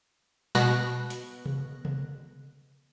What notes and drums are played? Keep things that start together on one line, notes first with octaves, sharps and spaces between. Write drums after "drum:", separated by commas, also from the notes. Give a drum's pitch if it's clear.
B2 F#6 A#6, drum: snare
drum: hi-hat
drum: tom C3
drum: tom C3